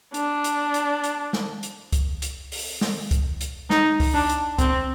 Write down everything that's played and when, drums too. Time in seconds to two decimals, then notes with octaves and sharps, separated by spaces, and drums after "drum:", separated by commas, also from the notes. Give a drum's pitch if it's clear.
0.14 D4, drum: hi-hat
0.44 drum: hi-hat
0.74 drum: hi-hat
1.04 drum: hi-hat
1.33 drum: snare
1.63 drum: hi-hat
1.92 drum: kick C#2, hi-hat
2.22 drum: hi-hat
2.52 drum: open hi-hat
2.81 drum: snare
3.11 drum: kick C#2, hi-hat
3.41 drum: hi-hat
3.70 D#4, drum: snare
4.00 drum: kick C#2, open hi-hat
4.14 D4
4.30 drum: hi-hat
4.59 C4, drum: kick C#2, hi-hat